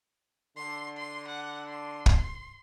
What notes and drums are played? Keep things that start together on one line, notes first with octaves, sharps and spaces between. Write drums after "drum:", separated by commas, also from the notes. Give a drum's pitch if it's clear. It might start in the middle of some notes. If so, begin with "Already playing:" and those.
D3 C6
C6
F#5
C6
drum: kick